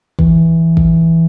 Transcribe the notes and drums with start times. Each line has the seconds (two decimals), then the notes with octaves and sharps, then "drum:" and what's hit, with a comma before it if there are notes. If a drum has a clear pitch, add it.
0.19 E3, drum: kick
0.77 drum: kick